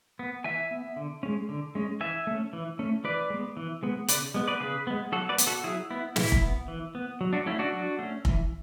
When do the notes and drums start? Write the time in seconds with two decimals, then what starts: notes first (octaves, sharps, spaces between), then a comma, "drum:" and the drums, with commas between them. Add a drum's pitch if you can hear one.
0.19 B3
0.44 E3 E5 G#5
0.71 B3
0.96 D3
1.23 G#3 C#4
1.49 D3
1.75 G#3 C#4
2.00 E3 E5 G#5
2.27 A3 C#4
2.53 E3
2.79 A3 C#4
3.04 E3 B4 D5
3.30 G#3 B3
3.57 E3
3.83 G#3 B3
4.08 C#3 B4 D5, drum: hi-hat
4.34 G#3 B3
4.48 B4 D5
4.60 C#3 G#4 B4
4.87 G#3 B3
5.12 F#3 F#4 A4
5.29 B4 D5
5.38 B3, drum: hi-hat
5.47 F#4 A4
5.64 F#3 E4 G#4
5.91 B3 E4
6.16 E3 E4, drum: snare
6.32 drum: kick F1
6.42 B3
6.68 E3
6.95 B3
7.21 F#3
7.33 D4 F#4
7.46 A3 C#4 E4
7.59 D4 F#4
7.72 F#3
7.99 A3 C#4
8.25 E3, drum: kick F1